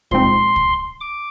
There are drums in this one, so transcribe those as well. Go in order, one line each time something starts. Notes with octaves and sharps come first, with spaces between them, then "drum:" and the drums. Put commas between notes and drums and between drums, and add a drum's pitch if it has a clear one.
A#2 F3 G#3 C4 D#4 C6, drum: kick
drum: kick
D6